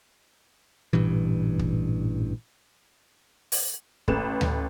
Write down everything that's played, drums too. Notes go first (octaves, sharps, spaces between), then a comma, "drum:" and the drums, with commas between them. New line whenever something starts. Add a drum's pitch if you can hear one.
A1 G2 A#2 E3
drum: kick
drum: open hi-hat
A1 A3 B4 E7, drum: kick
drum: tom D2